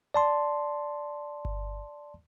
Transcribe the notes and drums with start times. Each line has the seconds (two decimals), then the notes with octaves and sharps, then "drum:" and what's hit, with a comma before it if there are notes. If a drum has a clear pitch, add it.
0.14 D5 A5 C6
1.45 drum: kick G1